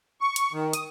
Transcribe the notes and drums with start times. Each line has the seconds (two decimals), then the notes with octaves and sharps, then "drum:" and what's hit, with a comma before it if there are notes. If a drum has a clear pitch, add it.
0.21 C#6
0.36 drum: hi-hat
0.52 D#3
0.73 D#6, drum: hi-hat